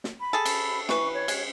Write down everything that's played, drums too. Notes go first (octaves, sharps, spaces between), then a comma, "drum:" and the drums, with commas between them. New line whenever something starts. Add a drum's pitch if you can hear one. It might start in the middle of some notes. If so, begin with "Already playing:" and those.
drum: snare
B5
G#4 A4
drum: cymbal
E3 B4 C#6, drum: snare
C#5
G#3, drum: cymbal